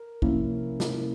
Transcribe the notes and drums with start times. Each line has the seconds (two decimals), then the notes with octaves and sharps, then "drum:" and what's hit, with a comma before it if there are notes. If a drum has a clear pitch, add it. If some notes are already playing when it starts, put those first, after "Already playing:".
Already playing: A#4
0.22 C3 F3 A#3 C#4 E4, drum: kick
0.80 drum: snare